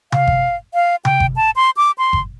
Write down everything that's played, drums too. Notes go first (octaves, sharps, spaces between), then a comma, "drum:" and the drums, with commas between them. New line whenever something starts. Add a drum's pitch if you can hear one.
F5, drum: tom C3
drum: kick G1
F5
G5, drum: tom C3
drum: kick G1
A5
C6
D6
C6
drum: kick G1